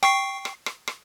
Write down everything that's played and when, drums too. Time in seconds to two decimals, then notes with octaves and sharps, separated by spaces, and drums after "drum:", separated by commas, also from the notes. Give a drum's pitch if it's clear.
0.03 G5 C#6 C7, drum: rim click
0.45 drum: rim click
0.66 drum: rim click
0.88 drum: rim click